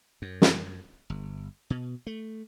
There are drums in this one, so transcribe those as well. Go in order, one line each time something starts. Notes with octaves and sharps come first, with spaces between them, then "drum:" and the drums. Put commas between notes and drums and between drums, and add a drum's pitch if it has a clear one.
F#2
drum: snare
G1
B2
A3